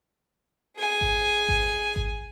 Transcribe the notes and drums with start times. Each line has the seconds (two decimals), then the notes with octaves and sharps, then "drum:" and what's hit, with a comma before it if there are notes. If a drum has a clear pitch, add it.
0.78 G#4 G#5
1.01 drum: kick G#1
1.49 drum: kick G#1
1.96 drum: kick G#1